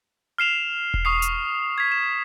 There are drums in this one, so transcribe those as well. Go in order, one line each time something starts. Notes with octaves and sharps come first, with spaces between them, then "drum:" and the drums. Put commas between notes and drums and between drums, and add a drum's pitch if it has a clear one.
F6 C7 E7 F7
drum: kick E1
C#6 D#6 C7
drum: hi-hat
G#6 B6
E7